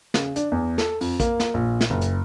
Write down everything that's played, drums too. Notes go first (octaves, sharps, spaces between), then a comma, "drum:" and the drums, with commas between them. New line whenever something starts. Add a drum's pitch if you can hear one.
C#3, drum: snare
D4, drum: hi-hat
E2
A4, drum: snare
F2, drum: open hi-hat
A#3, drum: kick, hi-hat
drum: snare
A#1
drum: snare
F#1
drum: hi-hat